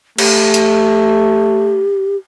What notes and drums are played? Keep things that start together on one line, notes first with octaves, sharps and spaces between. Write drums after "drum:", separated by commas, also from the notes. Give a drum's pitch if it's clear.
A3 G4, drum: cymbal
drum: hi-hat